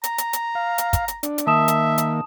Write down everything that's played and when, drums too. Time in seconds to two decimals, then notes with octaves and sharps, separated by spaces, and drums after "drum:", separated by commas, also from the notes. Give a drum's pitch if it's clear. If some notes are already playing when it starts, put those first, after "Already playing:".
0.04 A#5, drum: hi-hat
0.18 drum: hi-hat
0.33 drum: hi-hat
0.55 F5
0.78 drum: hi-hat
0.93 drum: kick, hi-hat
1.08 drum: hi-hat
1.23 D4, drum: hi-hat
1.38 drum: hi-hat
1.47 D#3 A#3 E5 A5 D#6 E7
1.68 drum: hi-hat
1.98 drum: hi-hat